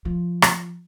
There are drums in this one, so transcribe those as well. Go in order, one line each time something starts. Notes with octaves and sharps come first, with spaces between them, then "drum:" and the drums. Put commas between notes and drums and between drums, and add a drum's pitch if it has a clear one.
F3
drum: rim click